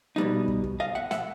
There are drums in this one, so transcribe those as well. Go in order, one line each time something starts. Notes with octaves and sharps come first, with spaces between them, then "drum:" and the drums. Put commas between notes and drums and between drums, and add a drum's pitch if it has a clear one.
B2 G3 B3 D#4
drum: kick
drum: kick
D#5 F5
E5 F#5
E5 F#5, drum: snare